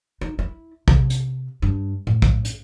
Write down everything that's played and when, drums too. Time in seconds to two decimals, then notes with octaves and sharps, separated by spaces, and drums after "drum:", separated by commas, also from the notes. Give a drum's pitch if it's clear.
0.21 D#4
0.39 E4
0.88 C3, drum: kick A#1
1.10 drum: hi-hat
1.62 G2
2.07 A2
2.22 drum: kick A#1
2.45 drum: hi-hat